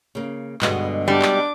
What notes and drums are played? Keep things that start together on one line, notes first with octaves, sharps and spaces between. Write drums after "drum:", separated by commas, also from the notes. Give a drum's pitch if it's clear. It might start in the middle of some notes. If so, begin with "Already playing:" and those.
C#3 A#3
G2 B2 D3 G#3 D#5, drum: clap
G3 D4 D6
drum: clap